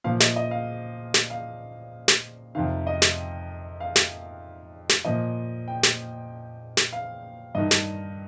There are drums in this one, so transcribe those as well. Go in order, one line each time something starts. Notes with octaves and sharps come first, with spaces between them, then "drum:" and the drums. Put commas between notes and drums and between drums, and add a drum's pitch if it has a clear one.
A#2 F3 F5
D#5, drum: snare
D#5
F5
drum: snare
F5
drum: snare
F2 C3 D#3 F5
D#5
drum: snare
F5
drum: snare
drum: snare
A#2 F3 D#5
G5
drum: snare
drum: snare
F5
G2 D#3 D#5
drum: snare